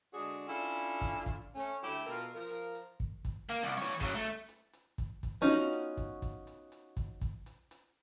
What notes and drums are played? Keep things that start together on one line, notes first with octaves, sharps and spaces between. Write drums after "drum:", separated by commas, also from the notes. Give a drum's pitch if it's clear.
D3 G#3 D4 F#4 G#4
C#4 D4 E4 F4 A4
drum: hi-hat
drum: kick, hi-hat
drum: kick, hi-hat
A3 C#4
D2 A3 E4 G4
B2 F4 A4 A#4
F3 A#4
drum: hi-hat
drum: hi-hat
drum: kick
drum: kick, hi-hat
A#3, drum: hi-hat
C2
E3 C#5
C#3 F#3, drum: kick, hi-hat
A3
drum: hi-hat
drum: hi-hat
drum: kick, hi-hat
drum: kick, hi-hat
B3 C#4 D#4 F4 F#4
drum: hi-hat
drum: kick, hi-hat
drum: kick, hi-hat
drum: hi-hat
drum: hi-hat
drum: kick, hi-hat
drum: kick, hi-hat
drum: hi-hat
drum: hi-hat